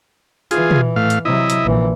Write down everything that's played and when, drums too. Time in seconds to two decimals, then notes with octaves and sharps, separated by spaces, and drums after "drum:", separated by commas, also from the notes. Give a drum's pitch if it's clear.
0.51 E3 F4 G#4, drum: hi-hat
0.71 drum: tom
0.96 A2 F5
1.10 drum: hi-hat
1.25 C3 F#3 E4 D#5
1.50 drum: hi-hat
1.64 A#1 E3